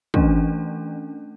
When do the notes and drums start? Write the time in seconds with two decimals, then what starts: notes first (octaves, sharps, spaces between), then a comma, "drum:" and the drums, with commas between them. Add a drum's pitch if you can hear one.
0.14 E3 A3 C#4 D4, drum: kick